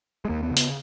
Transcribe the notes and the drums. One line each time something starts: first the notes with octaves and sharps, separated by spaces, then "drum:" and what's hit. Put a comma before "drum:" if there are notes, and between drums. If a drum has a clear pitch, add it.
G#3
D#2 A#3
B3
C#3
B3, drum: hi-hat